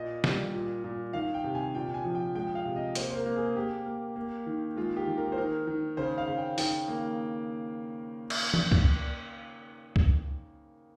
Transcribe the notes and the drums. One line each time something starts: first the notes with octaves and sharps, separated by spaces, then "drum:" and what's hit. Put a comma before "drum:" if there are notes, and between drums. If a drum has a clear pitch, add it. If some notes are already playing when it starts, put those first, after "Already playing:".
Already playing: A#2 D#5
G3, drum: snare
A#2
A#2
D#3 F5
G5
C3
G#5
A#2 G5
G#5
F3
G5
G#3 G5
F5
C3
D#5
A#3 C5, drum: hi-hat
C5
A#4
A#3
G#4
A#3 G4
A#3
A#3
D#3
G#3 F4
G4
D#3
A#4
C5
D#3 A#4
D#3
C#3 C5
F5
C#3
G5
D#3 G5, drum: open hi-hat
A#3
drum: cymbal
drum: tom E3
drum: kick C#2
drum: kick C#2